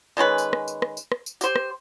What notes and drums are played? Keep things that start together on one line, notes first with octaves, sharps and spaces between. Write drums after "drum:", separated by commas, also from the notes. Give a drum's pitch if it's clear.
D#3 G#3 C#4 B4
drum: tambourine
drum: rim click
drum: tambourine
drum: rim click
drum: tambourine
drum: rim click
drum: tambourine
G4 C5, drum: tambourine
drum: rim click